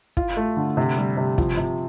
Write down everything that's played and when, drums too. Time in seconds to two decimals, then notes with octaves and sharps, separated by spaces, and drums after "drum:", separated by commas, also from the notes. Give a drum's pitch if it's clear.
0.17 F4, drum: kick
0.37 A3
0.57 D3
0.77 C3
0.98 G3
1.17 C3
1.38 F3, drum: kick
1.57 C3